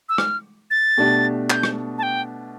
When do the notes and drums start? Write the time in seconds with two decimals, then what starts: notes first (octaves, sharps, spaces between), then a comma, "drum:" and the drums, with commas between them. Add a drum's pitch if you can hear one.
0.09 E6
0.18 F6, drum: rim click
0.71 A6
0.98 B2 A3 D4 G4
1.50 G6, drum: clap
1.63 drum: rim click
1.98 A5
2.03 G5